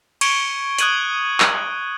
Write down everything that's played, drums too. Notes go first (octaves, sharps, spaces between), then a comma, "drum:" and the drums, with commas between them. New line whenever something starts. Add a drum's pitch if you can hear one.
C#6 G#6 C#7 D7 G7, drum: cymbal
D#6 F#6 G#6 D#7 F#7, drum: hi-hat
drum: clap